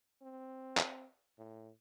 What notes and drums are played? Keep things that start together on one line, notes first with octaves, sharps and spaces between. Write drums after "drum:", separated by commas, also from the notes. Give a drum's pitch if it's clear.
C4
drum: clap
A2